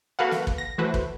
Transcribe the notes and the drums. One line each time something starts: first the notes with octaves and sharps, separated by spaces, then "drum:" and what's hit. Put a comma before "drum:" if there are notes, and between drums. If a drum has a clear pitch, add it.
A#3 F#4 A4 B4 F5 F#5
drum: snare
drum: kick
A#6
E3 A3 E4 F#4 B4 C5
drum: kick